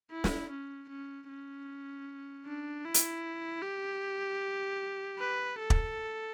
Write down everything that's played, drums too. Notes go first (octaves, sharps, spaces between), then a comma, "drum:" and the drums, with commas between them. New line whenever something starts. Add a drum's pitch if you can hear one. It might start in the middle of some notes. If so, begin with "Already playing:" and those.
E4
drum: snare
C#4
C#4
C#4
D4
E4
drum: hi-hat
G4
B4
A4
drum: kick